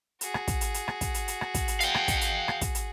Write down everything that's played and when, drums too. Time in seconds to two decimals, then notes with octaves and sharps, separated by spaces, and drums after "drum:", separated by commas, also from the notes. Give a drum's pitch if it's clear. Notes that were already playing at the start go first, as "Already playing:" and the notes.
0.21 F#4 G#4, drum: hi-hat
0.34 drum: rim click
0.48 drum: kick, hi-hat
0.61 drum: hi-hat
0.74 drum: hi-hat
0.88 drum: rim click
1.01 drum: kick, hi-hat
1.14 drum: hi-hat
1.28 drum: hi-hat
1.41 drum: rim click
1.54 drum: kick, hi-hat
1.68 drum: hi-hat
1.80 F5 G5, drum: hi-hat
1.95 drum: rim click
2.08 drum: kick, hi-hat
2.21 drum: hi-hat
2.48 drum: rim click
2.61 drum: kick, hi-hat
2.75 drum: hi-hat